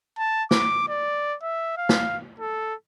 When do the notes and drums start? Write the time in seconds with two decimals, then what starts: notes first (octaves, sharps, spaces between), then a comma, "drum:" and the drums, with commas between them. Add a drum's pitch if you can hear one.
0.18 A5
0.51 D6, drum: snare
0.88 D5
1.42 E5
1.77 F5
1.89 drum: snare
2.40 A4